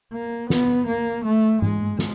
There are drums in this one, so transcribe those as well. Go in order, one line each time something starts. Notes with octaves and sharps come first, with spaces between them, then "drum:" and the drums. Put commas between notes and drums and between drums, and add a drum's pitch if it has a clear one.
A#3
B3, drum: snare
A#3
A3
G#3, drum: tom G#2
drum: snare